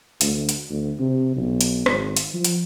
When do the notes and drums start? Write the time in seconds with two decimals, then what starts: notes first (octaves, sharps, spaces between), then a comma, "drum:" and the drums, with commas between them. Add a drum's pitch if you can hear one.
0.21 D2, drum: hi-hat
0.49 drum: hi-hat
0.70 D2
1.00 C3
1.36 B1
1.61 drum: hi-hat
1.86 G#1, drum: rim click
2.17 drum: hi-hat
2.34 F3
2.44 drum: hi-hat